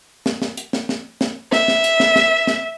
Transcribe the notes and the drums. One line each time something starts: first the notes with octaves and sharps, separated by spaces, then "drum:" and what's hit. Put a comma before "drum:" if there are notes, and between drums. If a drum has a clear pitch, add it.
drum: snare
drum: snare
drum: hi-hat
drum: snare
drum: snare
drum: snare
E5, drum: snare
drum: snare
drum: hi-hat
drum: snare
drum: snare
drum: snare